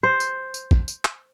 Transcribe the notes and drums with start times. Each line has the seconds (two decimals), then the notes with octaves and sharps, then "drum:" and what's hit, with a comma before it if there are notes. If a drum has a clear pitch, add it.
0.03 C5
0.20 drum: tambourine
0.54 drum: tambourine
0.71 drum: kick
0.88 drum: tambourine
1.05 drum: clap